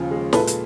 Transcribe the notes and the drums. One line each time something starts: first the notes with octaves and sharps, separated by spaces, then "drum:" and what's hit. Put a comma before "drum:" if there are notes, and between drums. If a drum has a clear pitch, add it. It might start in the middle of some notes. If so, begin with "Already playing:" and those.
Already playing: D#2 C#3 F3
G#3
A#2 A4 B4, drum: snare
drum: hi-hat